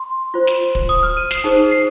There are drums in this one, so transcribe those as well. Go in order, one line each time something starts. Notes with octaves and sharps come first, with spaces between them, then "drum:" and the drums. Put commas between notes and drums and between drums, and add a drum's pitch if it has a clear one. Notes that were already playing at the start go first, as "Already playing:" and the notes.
Already playing: C6
F4 C5
drum: snare
drum: kick
D#6
F6
D#7
C7, drum: snare
D#4 G#4 C5
C7